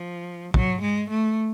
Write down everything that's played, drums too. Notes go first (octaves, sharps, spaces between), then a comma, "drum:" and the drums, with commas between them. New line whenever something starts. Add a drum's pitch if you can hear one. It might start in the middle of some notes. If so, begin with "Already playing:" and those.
Already playing: F3
F#3, drum: kick
G#3
A3